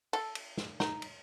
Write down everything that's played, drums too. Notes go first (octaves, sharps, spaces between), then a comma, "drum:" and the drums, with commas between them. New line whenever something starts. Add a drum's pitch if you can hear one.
A4, drum: cymbal
drum: cymbal
drum: snare
D#4, drum: snare
drum: cymbal